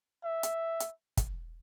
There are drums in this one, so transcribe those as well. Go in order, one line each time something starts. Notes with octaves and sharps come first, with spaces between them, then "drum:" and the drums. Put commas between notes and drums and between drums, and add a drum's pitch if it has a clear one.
E5
drum: hi-hat
drum: hi-hat
drum: kick, hi-hat